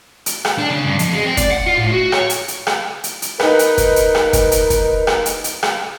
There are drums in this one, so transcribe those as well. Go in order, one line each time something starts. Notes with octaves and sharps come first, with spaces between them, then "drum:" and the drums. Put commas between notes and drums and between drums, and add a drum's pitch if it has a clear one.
drum: hi-hat
drum: rim click
D4
C#3
G2
F2, drum: hi-hat
G#3
C4
D5, drum: kick, hi-hat
F#5
F4
A2
F#4
C#5, drum: rim click
drum: hi-hat
drum: hi-hat
drum: rim click
drum: hi-hat
drum: hi-hat
D#4 A#4 B4, drum: rim click
drum: hi-hat
drum: kick, hi-hat
drum: hi-hat
drum: rim click
drum: kick, hi-hat
drum: hi-hat
drum: kick, hi-hat
drum: rim click
drum: hi-hat
drum: hi-hat
drum: rim click